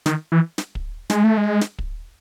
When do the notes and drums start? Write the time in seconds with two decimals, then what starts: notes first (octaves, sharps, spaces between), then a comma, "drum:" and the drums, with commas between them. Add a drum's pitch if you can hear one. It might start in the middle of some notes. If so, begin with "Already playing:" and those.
0.06 D#3, drum: snare
0.32 E3
0.58 drum: snare
0.75 drum: kick
1.10 G#3, drum: snare
1.24 A3
1.37 G#3
1.61 drum: snare
1.79 drum: kick